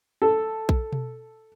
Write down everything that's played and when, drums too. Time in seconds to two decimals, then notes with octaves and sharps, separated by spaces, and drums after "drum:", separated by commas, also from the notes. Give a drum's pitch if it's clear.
0.22 A4
0.69 drum: kick A#1
0.93 drum: tom B2